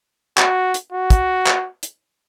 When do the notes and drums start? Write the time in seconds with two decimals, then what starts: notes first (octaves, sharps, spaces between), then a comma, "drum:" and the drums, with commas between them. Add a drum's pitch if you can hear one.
0.38 F#4, drum: clap
0.74 drum: hi-hat
0.92 F#4
1.10 drum: kick, hi-hat
1.47 drum: clap
1.83 drum: hi-hat